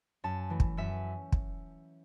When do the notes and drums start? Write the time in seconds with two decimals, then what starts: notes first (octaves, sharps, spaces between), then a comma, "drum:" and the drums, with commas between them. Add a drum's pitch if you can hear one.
0.24 F#2 A5
0.50 E3 A3
0.60 drum: kick
0.77 F#2 E5
1.32 drum: kick